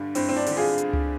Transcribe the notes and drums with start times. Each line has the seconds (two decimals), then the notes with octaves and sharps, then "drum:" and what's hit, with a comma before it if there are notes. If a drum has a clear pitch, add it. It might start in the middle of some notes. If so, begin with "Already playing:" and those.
Already playing: G2 D3 D4
0.15 G2 C4, drum: open hi-hat
0.29 C4
0.36 D4
0.46 D3, drum: open hi-hat
0.57 F4 G#4
0.78 drum: hi-hat
0.93 drum: tom C#2